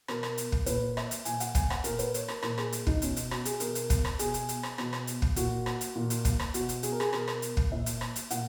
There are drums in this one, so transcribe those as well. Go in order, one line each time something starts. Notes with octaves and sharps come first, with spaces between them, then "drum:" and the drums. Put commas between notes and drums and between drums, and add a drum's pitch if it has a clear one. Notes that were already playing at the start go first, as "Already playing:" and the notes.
B2 A#4, drum: rim click
drum: rim click
drum: hi-hat
drum: kick
A#2 B4, drum: hi-hat
E5, drum: rim click
drum: hi-hat
A#2 G#5, drum: hi-hat
F#5, drum: hi-hat
G#5, drum: kick, hi-hat
F#5, drum: rim click
A#2 A#4, drum: hi-hat
B4, drum: hi-hat
C#5, drum: hi-hat
A#4, drum: rim click
A#2 A#4, drum: rim click
G#4, drum: rim click
drum: hi-hat
D#4, drum: kick
B2 C#4, drum: hi-hat
drum: hi-hat
F#4, drum: rim click
G#4, drum: hi-hat
B2 A#4, drum: hi-hat
drum: hi-hat
drum: kick, hi-hat
drum: rim click
B2 G#4, drum: hi-hat
drum: hi-hat
drum: hi-hat
drum: rim click
B2, drum: rim click
drum: rim click
drum: hi-hat
drum: kick
A#2 F#4, drum: hi-hat
drum: rim click
drum: hi-hat
A#2
drum: hi-hat
drum: kick, hi-hat
drum: rim click
B2 F#4, drum: hi-hat
drum: hi-hat
G#4, drum: hi-hat
A#4
G#4, drum: rim click
B2 A#4, drum: rim click
drum: rim click
drum: hi-hat
drum: kick
A#2 E5
drum: hi-hat
drum: rim click
drum: hi-hat
A#2 F#5, drum: hi-hat